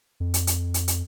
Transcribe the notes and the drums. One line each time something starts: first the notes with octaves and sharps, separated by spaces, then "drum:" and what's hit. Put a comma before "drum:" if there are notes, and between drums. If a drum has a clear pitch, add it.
F2
drum: hi-hat
drum: hi-hat
drum: hi-hat
drum: hi-hat